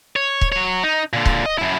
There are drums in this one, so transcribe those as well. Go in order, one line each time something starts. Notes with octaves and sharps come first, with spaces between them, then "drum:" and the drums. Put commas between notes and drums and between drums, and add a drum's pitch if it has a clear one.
C#5
drum: kick C#1
F#3 C#5
D#4
A#2 D3
drum: kick C#1
D#5
F#2 E4